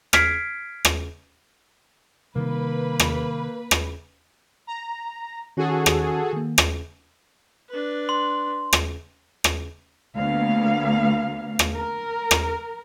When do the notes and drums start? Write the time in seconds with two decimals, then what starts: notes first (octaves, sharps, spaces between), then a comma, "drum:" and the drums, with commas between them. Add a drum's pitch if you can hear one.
0.13 F6 G#6 B6 C7 D7, drum: rim click
0.85 drum: rim click
2.36 C3 D#3 G3 A#3 B4
3.00 drum: rim click
3.71 drum: rim click
4.67 A#5
5.57 D#3 C#4 F#4 G#4 A4
5.86 drum: rim click
6.33 D#3 A#3
6.58 drum: rim click
7.69 D4 B4
8.09 C6
8.73 drum: rim click
9.44 drum: rim click
10.15 D2 A#3 B3 F5
11.59 drum: rim click
11.74 A#4
12.31 drum: rim click